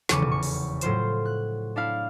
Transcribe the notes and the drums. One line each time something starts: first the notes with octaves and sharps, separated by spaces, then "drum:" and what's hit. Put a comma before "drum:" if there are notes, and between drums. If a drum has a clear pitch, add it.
F1 E2 C#3 C#6 D6 D#7, drum: snare
drum: tom
C#6
drum: open hi-hat
A2 F#3 F4 C5 E7, drum: hi-hat
F#6
D4 E4 F5